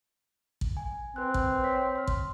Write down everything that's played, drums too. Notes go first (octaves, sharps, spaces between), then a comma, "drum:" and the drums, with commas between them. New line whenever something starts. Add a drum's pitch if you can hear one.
drum: kick
G#5
C4 B4 F#6
drum: kick
C#5 B6
C6 F6
drum: kick